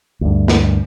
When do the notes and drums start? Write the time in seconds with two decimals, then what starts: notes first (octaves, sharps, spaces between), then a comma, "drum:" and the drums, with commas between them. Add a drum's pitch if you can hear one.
0.21 D2 G2
0.48 drum: snare